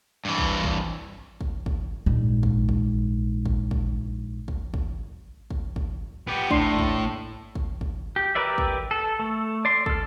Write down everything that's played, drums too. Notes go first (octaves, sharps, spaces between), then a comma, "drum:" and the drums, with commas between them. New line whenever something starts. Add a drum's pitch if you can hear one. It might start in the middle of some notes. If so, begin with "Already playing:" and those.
G2 E3
drum: kick
drum: kick
drum: kick
drum: kick
A#1 G#2
drum: kick
drum: kick
drum: kick
drum: kick
drum: kick
drum: kick
drum: kick
drum: kick
B3 G4
A2 D4 C6, drum: kick
drum: kick
drum: kick
drum: kick
G4
G4 A#4 B4 D5 E5
drum: kick
A4
A3
D5 C6
A4 F6, drum: kick